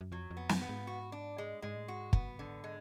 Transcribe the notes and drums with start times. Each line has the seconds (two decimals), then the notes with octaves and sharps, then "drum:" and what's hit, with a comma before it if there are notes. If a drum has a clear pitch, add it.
0.01 F#2
0.12 F2 F#3
0.31 F2
0.37 B3
0.49 F#2, drum: snare
0.62 B3
0.69 G#2
0.87 F#4
1.12 D4
1.38 G#3
1.62 G#2 G#3
1.76 A2
1.88 G#2 F#4
2.13 B3, drum: kick
2.39 D3
2.64 G#3